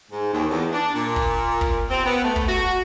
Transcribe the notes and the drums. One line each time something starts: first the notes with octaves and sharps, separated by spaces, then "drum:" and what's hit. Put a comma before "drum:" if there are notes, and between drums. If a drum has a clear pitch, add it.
G#2
D#2
E2
D4
A#2
drum: kick
drum: kick
C4
B3
A3
drum: kick
F#4